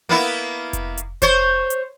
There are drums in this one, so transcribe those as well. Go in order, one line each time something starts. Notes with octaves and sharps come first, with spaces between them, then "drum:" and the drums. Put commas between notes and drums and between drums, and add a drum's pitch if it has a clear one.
A#3 B3 E4
drum: kick F1, hi-hat
drum: hi-hat
C5 C#5, drum: kick F1, hi-hat
drum: hi-hat